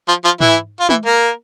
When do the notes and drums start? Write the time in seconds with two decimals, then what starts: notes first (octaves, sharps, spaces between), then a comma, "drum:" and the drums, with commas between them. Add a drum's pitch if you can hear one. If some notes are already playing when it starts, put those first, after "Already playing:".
0.08 F3 F4
0.24 F3 F4
0.41 E3 E4, drum: tom G#2
0.80 F4
0.89 E3 E4, drum: tom
1.05 A#3 A#4